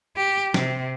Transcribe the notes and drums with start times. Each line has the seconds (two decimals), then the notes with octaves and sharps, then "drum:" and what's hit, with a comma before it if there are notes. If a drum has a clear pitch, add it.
0.17 G4
0.54 C3, drum: snare